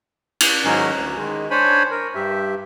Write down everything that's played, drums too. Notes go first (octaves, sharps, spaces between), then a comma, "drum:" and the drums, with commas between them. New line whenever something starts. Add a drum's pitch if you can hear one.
drum: cymbal
G#2 D#3 F#3 C#4 D#4
D2
D#3 G#3
D4 C5 C#5 G#5 B5
A#4
G2 G4 E5